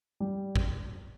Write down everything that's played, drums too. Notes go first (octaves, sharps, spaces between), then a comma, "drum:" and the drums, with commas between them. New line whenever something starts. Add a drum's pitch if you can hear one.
G3
drum: kick A1